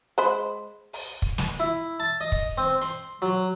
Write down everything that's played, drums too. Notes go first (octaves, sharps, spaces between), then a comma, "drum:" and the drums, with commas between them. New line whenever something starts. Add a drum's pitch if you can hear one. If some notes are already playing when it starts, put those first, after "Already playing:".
G#3 C5 B5
drum: open hi-hat
drum: kick
drum: snare
E4
A5
D#5
drum: kick
C4
C6, drum: hi-hat
F#3